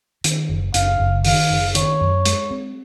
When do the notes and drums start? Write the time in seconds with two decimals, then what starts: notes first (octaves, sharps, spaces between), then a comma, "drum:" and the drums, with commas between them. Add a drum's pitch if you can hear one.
0.24 D#3, drum: hi-hat
0.49 F#1
0.74 F#1 F5, drum: hi-hat
1.00 F#1
1.25 D#3 F5, drum: open hi-hat
1.50 F#1
1.75 D#3 C#5, drum: hi-hat
2.01 F#2
2.25 G#3, drum: hi-hat
2.51 C4